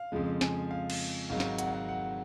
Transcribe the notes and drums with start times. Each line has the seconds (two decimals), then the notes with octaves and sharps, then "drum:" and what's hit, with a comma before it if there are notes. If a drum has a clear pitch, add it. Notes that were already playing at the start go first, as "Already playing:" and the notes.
Already playing: F5
0.12 F2 C#3 F3 G#3
0.41 G#5, drum: snare
0.71 F5
0.90 drum: cymbal
1.30 G#1 G#2 F#3 F5
1.40 drum: snare
1.58 F#5, drum: hi-hat
1.68 F5
1.74 F#5
1.88 F#5